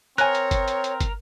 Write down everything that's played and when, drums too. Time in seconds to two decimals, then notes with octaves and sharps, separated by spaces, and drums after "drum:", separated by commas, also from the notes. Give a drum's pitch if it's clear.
0.18 C4 A#4 C#5 G#5 F#6, drum: hi-hat
0.35 drum: hi-hat
0.51 drum: kick, hi-hat
0.68 drum: hi-hat
0.84 drum: hi-hat
1.00 drum: kick, hi-hat